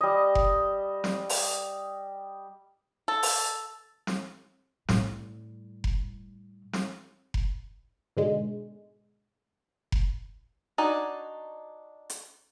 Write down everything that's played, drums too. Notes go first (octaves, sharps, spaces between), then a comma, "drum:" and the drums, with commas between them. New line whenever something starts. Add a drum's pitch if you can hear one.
G3 D#5
drum: kick F1
drum: snare
drum: open hi-hat
A4
drum: open hi-hat
drum: snare
A2 G3, drum: snare
drum: kick F1
drum: snare
drum: kick F1
G#2 B2 D3 G#3
drum: kick F1
D4 D#4 F#4 D5 G#5
drum: hi-hat